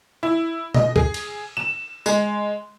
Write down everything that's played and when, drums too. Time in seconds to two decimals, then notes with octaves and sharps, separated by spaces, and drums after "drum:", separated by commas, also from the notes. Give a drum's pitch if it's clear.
0.23 E4
0.74 D#5, drum: tom B2
0.96 G#4, drum: kick
1.14 drum: cymbal
1.57 E7
2.06 G#3, drum: tambourine